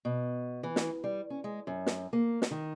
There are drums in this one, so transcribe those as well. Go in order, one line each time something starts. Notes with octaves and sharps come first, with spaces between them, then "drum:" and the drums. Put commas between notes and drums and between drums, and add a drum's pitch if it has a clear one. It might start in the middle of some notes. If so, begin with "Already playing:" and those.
B2
E3
drum: snare
G3
C#4
G#3
F#2
drum: snare
A#3
drum: snare
D#3